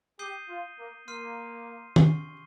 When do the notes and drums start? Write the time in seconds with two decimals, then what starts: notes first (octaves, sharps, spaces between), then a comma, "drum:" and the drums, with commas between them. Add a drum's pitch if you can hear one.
0.19 G4 D#6 G6 C7 D#7 G7
0.49 F4
0.79 A#3
1.07 A#3 C6 F6 C7 D#7
1.96 C#6 G#6 C7 G7, drum: tom